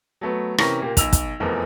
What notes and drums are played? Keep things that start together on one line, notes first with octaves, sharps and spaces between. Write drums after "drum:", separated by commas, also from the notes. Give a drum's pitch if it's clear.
F#3 A3 B3
C3 E3 C#4 A#4 C#6 A#6, drum: rim click
A#2 A#3 G4
B1 E6 F7, drum: kick, hi-hat
drum: kick, hi-hat
F1 E2 E3 F3 A#4